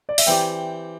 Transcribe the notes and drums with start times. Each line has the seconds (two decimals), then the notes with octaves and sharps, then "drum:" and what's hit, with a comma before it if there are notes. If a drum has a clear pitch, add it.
0.09 D5
0.18 E5, drum: open hi-hat
0.27 E3 C4 G4 D5 G5